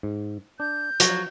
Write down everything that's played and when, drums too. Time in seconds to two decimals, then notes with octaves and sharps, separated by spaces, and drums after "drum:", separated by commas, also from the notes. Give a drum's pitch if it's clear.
0.03 G#2
0.60 D4 G6
1.00 F3 F#3, drum: hi-hat